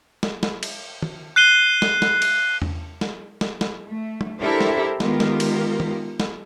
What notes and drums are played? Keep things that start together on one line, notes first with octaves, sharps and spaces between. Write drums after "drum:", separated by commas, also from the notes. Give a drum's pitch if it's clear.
drum: snare
drum: snare
drum: cymbal
drum: tom D#3
F#6 C7 D#7 G7
drum: snare
drum: snare
drum: cymbal
drum: tom E2
drum: snare
drum: snare
drum: snare
A3
drum: tom
D4 E4 G4 A4 A#4 C5
drum: snare
D#3 G#3 B3 F4 G4 A#4, drum: snare
drum: snare
drum: cymbal
drum: tom D#3
drum: snare